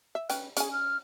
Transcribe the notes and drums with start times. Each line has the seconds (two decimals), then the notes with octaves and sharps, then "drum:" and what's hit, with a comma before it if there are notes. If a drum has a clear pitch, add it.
0.15 E5
0.30 C#4 B4 G5, drum: hi-hat
0.57 C#4 G#4 G#5, drum: hi-hat
0.72 F6